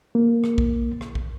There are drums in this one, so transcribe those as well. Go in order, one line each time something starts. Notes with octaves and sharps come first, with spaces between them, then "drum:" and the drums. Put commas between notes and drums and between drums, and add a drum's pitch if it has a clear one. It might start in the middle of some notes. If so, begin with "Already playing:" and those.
A#3
drum: rim click
drum: kick
drum: rim click
drum: kick